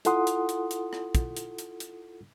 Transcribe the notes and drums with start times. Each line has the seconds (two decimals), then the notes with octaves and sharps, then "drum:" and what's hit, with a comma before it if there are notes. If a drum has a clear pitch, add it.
0.05 E4 F4 A4 F#5 C6 D#6, drum: hi-hat
0.27 drum: hi-hat
0.49 drum: hi-hat
0.71 drum: hi-hat
0.93 drum: rim click
1.15 drum: kick, hi-hat
1.37 drum: hi-hat
1.58 drum: hi-hat
1.80 drum: hi-hat